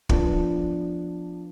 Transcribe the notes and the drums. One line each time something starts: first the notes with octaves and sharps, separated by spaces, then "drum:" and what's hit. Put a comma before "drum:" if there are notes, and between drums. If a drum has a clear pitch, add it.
F3 B3 D4, drum: kick